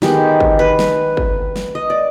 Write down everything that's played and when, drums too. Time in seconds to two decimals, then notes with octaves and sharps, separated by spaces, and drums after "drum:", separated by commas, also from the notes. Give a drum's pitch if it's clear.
0.02 D#3 G#3 B3 G4, drum: snare
0.40 drum: kick
0.59 B4
0.79 drum: snare
1.17 drum: kick
1.56 drum: snare
1.75 D#5
1.90 D5